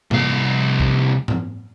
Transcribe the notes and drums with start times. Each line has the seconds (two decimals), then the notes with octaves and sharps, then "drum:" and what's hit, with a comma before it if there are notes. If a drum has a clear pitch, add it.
0.11 C2 F5, drum: tom G#2
0.80 drum: kick
1.28 drum: tom G#2